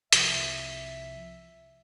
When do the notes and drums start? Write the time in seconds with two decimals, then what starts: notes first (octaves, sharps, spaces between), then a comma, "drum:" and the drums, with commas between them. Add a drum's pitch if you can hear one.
0.13 C2 F3 E5, drum: hi-hat